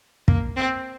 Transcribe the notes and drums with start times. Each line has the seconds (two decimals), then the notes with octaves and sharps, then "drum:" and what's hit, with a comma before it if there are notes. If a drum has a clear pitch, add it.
0.28 A#3, drum: kick
0.57 C4